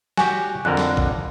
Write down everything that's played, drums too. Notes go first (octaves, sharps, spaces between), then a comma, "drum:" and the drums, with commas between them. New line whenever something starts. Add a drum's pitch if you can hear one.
F#4 G4 G#5, drum: snare
F2 D3 A#4 F#6
drum: snare
drum: kick G#1